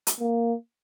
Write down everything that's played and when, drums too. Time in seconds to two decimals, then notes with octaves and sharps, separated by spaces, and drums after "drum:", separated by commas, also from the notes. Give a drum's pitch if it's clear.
0.07 drum: hi-hat
0.20 A#3